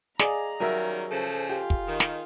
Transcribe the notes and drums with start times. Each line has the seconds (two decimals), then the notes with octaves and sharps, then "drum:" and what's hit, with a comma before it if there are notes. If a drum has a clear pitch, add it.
0.20 G#4 D5 D#5 F5 A#5, drum: snare
0.60 D#3 F#3 G3 C#4 A#4 E5
1.10 C#3 F3 A4 C5
1.49 F4 G4
1.70 drum: kick
1.87 D#3
2.00 drum: snare